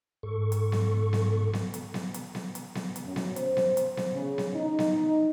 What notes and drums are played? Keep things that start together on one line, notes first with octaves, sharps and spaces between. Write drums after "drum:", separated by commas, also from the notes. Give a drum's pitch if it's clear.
G#2 A4 C#6
drum: hi-hat
drum: snare B3
drum: snare B3
drum: snare B3
drum: hi-hat
drum: snare B3
drum: hi-hat
drum: snare B3
drum: hi-hat
drum: snare B3
drum: hi-hat
F#2
drum: snare B3
C5, drum: hi-hat
drum: snare B3
drum: hi-hat
drum: snare B3
C#3
drum: snare B3
D#4
drum: snare B3